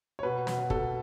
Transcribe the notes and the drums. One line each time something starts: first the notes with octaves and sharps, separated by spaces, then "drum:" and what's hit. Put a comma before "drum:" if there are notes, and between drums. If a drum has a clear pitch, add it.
C#5
B2 B4
B2 B4, drum: snare
B2 A4, drum: kick